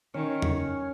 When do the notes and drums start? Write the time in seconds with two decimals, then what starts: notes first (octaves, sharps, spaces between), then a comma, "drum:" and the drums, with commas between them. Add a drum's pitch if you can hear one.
0.14 D#3 C#4
0.42 drum: tom E2